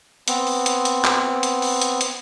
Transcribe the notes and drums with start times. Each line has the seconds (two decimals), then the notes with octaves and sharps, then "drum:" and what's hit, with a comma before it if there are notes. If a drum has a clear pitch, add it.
0.28 B3 C4, drum: hi-hat
0.47 drum: open hi-hat
0.66 drum: hi-hat
0.85 drum: hi-hat
1.05 drum: clap
1.43 drum: hi-hat
1.62 drum: open hi-hat
1.81 drum: hi-hat
2.01 drum: hi-hat